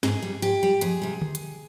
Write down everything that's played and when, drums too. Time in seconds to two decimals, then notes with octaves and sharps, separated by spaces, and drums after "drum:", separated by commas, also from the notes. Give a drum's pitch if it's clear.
0.03 G#2 G#4, drum: snare
0.22 G3
0.42 G#2 G4
0.63 G3
0.81 F2 G#4, drum: hi-hat
1.02 C3 G3
1.22 drum: tom D3
1.35 drum: hi-hat